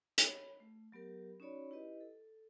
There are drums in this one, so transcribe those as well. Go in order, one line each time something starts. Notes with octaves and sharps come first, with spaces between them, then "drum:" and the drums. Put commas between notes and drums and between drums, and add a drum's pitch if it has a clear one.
C#5 B5, drum: hi-hat
A3
F#3 B3 G4 A#4
C#4 D#4 F#4 C#5 D5 B5
E4 G4 B4 D#5
A4